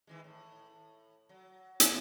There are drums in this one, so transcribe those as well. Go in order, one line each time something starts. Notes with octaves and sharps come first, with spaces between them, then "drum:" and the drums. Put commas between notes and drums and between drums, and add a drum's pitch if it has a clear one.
D#3 E3 G#3
A2
F#3
drum: hi-hat